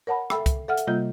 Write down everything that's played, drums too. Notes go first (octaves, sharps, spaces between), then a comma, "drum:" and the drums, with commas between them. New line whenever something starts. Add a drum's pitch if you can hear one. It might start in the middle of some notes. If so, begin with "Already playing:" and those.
A#4 C#5 F#5 A5 B5
A4 E5 G5 B5 E6, drum: rim click
drum: kick, hi-hat
A4 E5 F#5 F6
drum: hi-hat
C3 G3 A#3 F4 D#5 G6